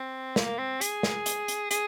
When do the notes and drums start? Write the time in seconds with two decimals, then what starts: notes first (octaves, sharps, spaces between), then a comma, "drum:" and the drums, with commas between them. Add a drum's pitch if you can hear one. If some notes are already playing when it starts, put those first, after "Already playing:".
Already playing: C4
0.36 A#3, drum: snare
0.58 C4
0.81 G#4, drum: hi-hat
1.03 drum: snare
1.26 drum: hi-hat
1.48 drum: hi-hat
1.71 G#4, drum: hi-hat